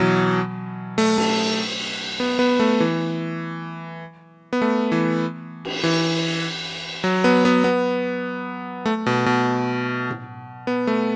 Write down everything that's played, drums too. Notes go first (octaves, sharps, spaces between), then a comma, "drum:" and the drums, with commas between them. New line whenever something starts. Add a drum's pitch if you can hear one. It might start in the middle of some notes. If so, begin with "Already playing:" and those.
Already playing: B2 E3 F#3
A3, drum: open hi-hat
A3, drum: cymbal
B3
B3
A3
E3
B3
A3
E3
drum: cymbal
E3
F#3
B3
B3
B3
A3
B2
B2
drum: tom A2
B3
A3